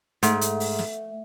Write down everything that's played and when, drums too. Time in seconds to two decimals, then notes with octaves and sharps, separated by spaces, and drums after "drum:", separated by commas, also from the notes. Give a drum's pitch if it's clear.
0.23 G#2 A3, drum: hi-hat
0.41 drum: hi-hat
0.60 drum: open hi-hat
0.79 drum: snare